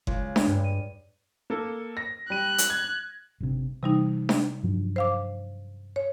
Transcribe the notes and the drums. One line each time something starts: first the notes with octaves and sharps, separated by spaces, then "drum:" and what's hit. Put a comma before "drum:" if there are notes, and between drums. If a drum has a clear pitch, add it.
C#2, drum: kick F#1
drum: snare D4
G2
D#7
A#3 A4
A#6
G3 F#6 D#7
drum: hi-hat
G#6
G1 G2 C3
C3 E3 G3 D#4
drum: snare D4
G2 F3 F#3
C5 F5 D6
C#5